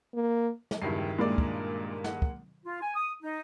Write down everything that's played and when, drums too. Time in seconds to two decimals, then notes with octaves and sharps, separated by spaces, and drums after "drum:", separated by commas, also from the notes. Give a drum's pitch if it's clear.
0.14 A#3
0.71 drum: snare
0.82 E1 C#2 G2 D#3 E4 C7
1.18 A#2 G#3 A#3 D4 D5
1.38 drum: kick
2.04 F#5, drum: snare
2.22 drum: kick
2.65 F4
2.82 G#5
2.95 D#6
3.23 D#4